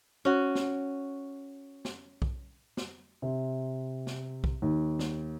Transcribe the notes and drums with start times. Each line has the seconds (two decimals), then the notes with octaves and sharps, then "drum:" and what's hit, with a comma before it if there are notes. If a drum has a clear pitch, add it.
0.25 C#4 F#4
0.55 drum: snare
1.85 drum: snare
2.22 drum: kick B1
2.77 drum: snare
3.22 C3
4.07 drum: snare
4.44 drum: kick B1
4.62 D#2
4.99 drum: snare